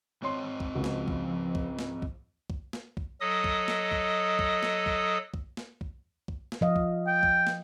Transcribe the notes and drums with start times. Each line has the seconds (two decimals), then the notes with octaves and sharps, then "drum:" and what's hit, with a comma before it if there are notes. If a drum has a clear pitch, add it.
0.22 G#2 C4 C#5 D#5 C6
0.60 drum: kick
0.75 C#2 F3 F#4
0.84 drum: snare
1.08 drum: kick
1.55 drum: kick
1.79 drum: snare
2.02 drum: kick
2.50 drum: kick
2.73 drum: snare
2.97 drum: kick
3.21 F#3 A4 D#5 D#6
3.44 drum: kick
3.68 drum: snare
3.92 drum: kick
4.39 drum: kick
4.63 drum: snare
4.86 drum: kick
5.34 drum: kick
5.57 drum: snare
5.81 drum: kick
6.28 drum: kick
6.52 drum: snare
6.61 F3 D#5 F5
6.76 drum: kick
7.07 G5
7.23 drum: kick
7.47 drum: snare